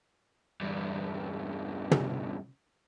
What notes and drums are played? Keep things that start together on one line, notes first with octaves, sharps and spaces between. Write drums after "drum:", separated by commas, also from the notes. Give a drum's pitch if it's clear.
E2 G2
drum: tom